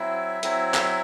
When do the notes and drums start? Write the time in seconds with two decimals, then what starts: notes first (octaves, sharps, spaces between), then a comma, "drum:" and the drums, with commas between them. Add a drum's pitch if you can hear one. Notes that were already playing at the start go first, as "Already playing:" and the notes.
Already playing: F#3 C4 E4 E5
0.43 F#3 C4 E4, drum: hi-hat
0.74 drum: clap